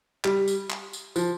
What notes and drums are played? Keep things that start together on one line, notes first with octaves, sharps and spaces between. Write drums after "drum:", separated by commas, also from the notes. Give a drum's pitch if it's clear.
G3, drum: clap
drum: tambourine
drum: clap
drum: tambourine
F3, drum: tambourine